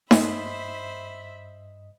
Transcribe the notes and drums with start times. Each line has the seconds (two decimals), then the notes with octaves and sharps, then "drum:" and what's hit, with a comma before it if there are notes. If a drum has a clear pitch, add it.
0.11 G2 C5 D#5 E5 B5 D#6, drum: snare D#4